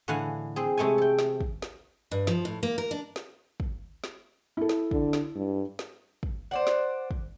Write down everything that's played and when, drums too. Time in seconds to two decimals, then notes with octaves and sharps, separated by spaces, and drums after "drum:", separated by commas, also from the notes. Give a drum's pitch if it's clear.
0.08 A2 D3 E3 F5 F#5 G#5
0.56 C4 G#4
0.77 C3 G#3 A3 C#5 G#5
0.98 A4 G5
1.19 drum: snare
1.40 drum: kick
1.62 drum: snare
2.11 G2
2.27 F3, drum: snare
2.45 A2
2.63 A#3
2.78 A#4
2.91 D4
3.16 drum: snare
3.60 drum: kick
4.04 drum: snare
4.57 E4 A4
4.69 drum: snare
4.91 D3, drum: kick
5.13 drum: snare
5.35 G2
5.79 drum: snare
6.23 drum: kick
6.51 C5 D5 F#5
6.67 drum: snare
7.11 drum: kick